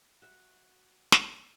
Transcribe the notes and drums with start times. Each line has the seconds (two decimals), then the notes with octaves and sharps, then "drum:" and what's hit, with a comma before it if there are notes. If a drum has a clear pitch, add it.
0.22 F#4 E5
1.12 drum: snare